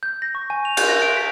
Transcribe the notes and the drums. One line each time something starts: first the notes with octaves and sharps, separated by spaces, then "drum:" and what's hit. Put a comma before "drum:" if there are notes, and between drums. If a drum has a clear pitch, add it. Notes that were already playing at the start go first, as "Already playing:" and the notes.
G6
A#6
C#6
G#5
F7
G6, drum: cymbal
A#6
D7
B6